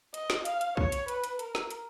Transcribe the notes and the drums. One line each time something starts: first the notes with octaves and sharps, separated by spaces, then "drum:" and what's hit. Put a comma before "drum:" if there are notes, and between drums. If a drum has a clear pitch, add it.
D#5, drum: hi-hat
drum: snare
F5, drum: hi-hat
drum: hi-hat
C#5, drum: kick
drum: hi-hat
B4, drum: hi-hat
drum: hi-hat
A#4, drum: hi-hat
drum: snare
drum: hi-hat